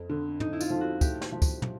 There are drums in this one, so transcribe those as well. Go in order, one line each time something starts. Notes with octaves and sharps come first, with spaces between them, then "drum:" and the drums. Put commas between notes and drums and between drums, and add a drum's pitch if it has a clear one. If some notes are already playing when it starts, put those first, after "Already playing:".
Already playing: F2
D3
D3 D#4, drum: tom
E4
F4, drum: tambourine
F3
F#4
A2 G4, drum: kick, tambourine
drum: snare
F3
drum: kick, tambourine
drum: tom